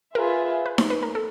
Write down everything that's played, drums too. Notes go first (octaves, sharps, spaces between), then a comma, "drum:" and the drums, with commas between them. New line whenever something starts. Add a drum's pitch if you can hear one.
F4 G#4 A#4 B4 E5
B4
C5, drum: snare D#4
B4
A#4
A4